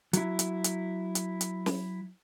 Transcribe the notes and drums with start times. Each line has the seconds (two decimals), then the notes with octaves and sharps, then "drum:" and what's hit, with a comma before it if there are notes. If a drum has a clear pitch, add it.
0.13 F#3 E4, drum: hi-hat
0.39 drum: hi-hat
0.64 drum: hi-hat
1.15 drum: hi-hat
1.41 drum: hi-hat
1.66 drum: snare